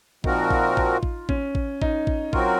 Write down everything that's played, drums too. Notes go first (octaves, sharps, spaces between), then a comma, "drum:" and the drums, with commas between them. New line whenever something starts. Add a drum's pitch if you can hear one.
A#2 F3 C4 D#4 F#4 A#4, drum: kick A1
drum: kick A1
F4, drum: kick A1
drum: kick A1
C#4, drum: kick A1
drum: kick A1
D#4, drum: kick A1
drum: kick A1
F#3 C4 F4 F#4 A#4, drum: kick A1